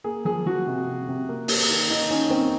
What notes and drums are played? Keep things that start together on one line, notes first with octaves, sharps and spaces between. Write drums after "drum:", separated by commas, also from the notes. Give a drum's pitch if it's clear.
A#3 G#4
F3 G#4
F3 F#4
C3
C3
C3
A#3
A#3, drum: open hi-hat
D#3
D#3 D#4
D#3 C#4
A#3 C4